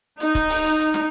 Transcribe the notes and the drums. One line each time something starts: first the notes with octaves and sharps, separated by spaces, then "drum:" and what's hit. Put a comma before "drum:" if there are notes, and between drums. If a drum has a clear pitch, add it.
D#4, drum: hi-hat
drum: kick, hi-hat
drum: open hi-hat
drum: hi-hat
drum: hi-hat
drum: snare